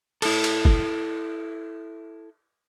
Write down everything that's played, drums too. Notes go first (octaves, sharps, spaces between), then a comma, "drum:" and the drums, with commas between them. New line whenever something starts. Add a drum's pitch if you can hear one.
E4 A4, drum: cymbal
drum: cymbal
drum: kick